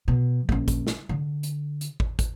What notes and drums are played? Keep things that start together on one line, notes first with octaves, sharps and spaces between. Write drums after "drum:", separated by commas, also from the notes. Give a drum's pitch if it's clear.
B2
A#1 C#4, drum: kick
drum: kick, hi-hat
drum: snare
D3
drum: hi-hat
drum: hi-hat
drum: kick
drum: kick, hi-hat